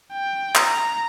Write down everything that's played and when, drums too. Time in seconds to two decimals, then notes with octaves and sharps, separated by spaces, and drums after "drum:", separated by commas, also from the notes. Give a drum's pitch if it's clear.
0.13 G5
0.55 A#5, drum: clap